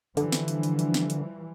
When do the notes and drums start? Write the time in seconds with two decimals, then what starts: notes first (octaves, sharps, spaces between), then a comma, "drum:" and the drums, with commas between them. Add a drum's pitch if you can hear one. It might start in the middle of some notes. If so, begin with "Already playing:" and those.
0.17 D3 E3 F3 G3, drum: hi-hat
0.32 drum: snare
0.48 drum: hi-hat
0.63 drum: hi-hat
0.79 drum: hi-hat
0.94 drum: snare
1.10 drum: hi-hat